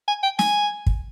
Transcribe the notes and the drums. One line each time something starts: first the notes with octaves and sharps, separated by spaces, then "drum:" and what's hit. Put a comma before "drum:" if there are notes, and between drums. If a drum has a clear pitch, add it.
G#5
G5
G#5, drum: snare
drum: kick